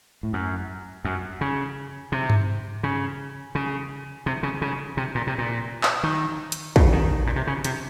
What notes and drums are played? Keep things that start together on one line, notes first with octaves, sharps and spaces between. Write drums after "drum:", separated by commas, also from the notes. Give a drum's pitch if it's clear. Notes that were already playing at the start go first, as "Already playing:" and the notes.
A2
F#2
F#2
C#3
C3
drum: tom G2
C#3
C#3
C3
C#3
C#3
C3
A#2
C3
A#2
drum: clap
D#3
drum: hi-hat
C#3, drum: kick
D#3
A#2
C3
C#3
C3, drum: hi-hat